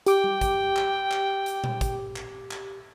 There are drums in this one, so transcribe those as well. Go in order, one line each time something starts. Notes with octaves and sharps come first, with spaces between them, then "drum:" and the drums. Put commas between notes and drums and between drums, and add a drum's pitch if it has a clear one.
G4 G5 D6, drum: hi-hat
drum: tom G3
drum: kick, hi-hat
drum: clap
drum: clap
drum: hi-hat
drum: tom A#2
drum: kick, hi-hat
drum: clap
drum: clap